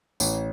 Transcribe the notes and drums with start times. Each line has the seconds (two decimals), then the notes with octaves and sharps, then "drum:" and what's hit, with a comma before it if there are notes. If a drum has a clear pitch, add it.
0.20 A1, drum: tambourine